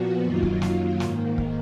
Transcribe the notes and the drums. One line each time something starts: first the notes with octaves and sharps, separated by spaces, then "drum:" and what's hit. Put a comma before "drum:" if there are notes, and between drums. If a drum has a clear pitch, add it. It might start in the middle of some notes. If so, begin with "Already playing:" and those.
Already playing: A#2 F3 B3 F#4
F#2 D#3 F#3 A#3 F4
drum: kick
drum: snare
G#2 D#3 A#3, drum: snare
drum: kick